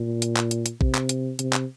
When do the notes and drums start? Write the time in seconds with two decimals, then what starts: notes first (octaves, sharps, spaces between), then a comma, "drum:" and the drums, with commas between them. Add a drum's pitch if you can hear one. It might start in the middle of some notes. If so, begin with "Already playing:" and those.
Already playing: A#2
0.22 drum: hi-hat
0.37 drum: clap
0.51 drum: hi-hat
0.66 drum: hi-hat
0.81 C3, drum: kick
0.95 drum: clap
1.09 drum: hi-hat
1.39 C3, drum: hi-hat
1.53 drum: clap